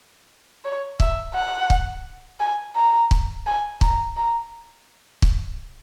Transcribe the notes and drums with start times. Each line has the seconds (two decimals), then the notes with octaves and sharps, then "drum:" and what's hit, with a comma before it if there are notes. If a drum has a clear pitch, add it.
0.65 C#5
1.00 E5, drum: kick
1.35 F#5
1.70 drum: kick
2.40 G#5
2.76 A#5
3.11 drum: kick
3.46 G#5
3.81 A#5, drum: kick
4.17 A#5
5.22 drum: kick